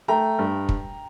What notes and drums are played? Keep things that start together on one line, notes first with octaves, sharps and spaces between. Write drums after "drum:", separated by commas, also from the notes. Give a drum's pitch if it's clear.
A3 G5 A#5
G2
drum: kick